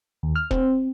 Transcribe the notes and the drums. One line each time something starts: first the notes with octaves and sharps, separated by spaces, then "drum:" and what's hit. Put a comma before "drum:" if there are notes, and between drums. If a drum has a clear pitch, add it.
D#2
F6
C4, drum: kick E1